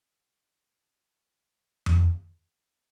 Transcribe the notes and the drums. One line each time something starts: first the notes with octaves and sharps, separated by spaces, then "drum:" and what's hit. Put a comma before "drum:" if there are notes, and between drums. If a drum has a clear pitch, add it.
C4 F#4 A4 C#5 A5
drum: tom F2